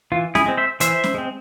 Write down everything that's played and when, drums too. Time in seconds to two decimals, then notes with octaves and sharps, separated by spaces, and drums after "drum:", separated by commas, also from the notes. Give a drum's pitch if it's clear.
0.12 E3 F4
0.35 E4 G#4, drum: snare C#4
0.46 G#3 C4
0.57 C5 E5
0.80 E3 C5 E5, drum: hi-hat
1.04 drum: snare C#4
1.14 G#3 C4